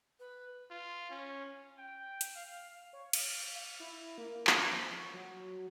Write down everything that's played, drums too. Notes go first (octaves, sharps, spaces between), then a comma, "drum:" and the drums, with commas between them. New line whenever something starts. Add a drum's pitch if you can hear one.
B4
F4
C#4
G5
drum: hi-hat
F5
C#5
F5, drum: cymbal
F5
E4
A#3
drum: clap
F3
C#5
F#3